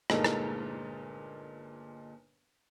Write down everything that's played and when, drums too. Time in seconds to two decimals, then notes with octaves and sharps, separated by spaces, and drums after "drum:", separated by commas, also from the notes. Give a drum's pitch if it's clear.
0.10 G1 A#2 G#3 D#4 A4 A#4, drum: rim click
0.24 drum: rim click